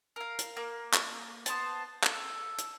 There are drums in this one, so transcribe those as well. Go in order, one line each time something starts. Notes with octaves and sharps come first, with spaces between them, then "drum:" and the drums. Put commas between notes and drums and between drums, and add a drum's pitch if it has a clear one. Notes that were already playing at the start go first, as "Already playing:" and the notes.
A#4 F5
drum: hi-hat
A#3
drum: clap
B3 C5 A5, drum: hi-hat
A4, drum: clap
drum: hi-hat